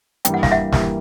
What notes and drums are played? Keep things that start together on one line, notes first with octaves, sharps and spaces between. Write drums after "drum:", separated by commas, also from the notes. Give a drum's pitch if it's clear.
G2 E3 G3 A#3 G5, drum: hi-hat
F#5
F5, drum: snare
E5 F#5
E3 G3 A#3, drum: snare